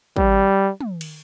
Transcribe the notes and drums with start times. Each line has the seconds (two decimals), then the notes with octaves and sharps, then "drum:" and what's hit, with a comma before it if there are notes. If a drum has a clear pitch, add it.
0.16 G3, drum: kick
0.81 drum: tom
1.01 drum: cymbal